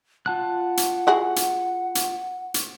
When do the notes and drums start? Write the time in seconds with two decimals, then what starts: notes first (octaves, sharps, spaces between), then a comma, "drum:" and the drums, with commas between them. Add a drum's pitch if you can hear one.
0.26 F4 F#5 A5 F#6
0.77 drum: hi-hat
1.07 E4 F#4 G#4
1.36 drum: hi-hat
1.95 drum: hi-hat
2.54 drum: hi-hat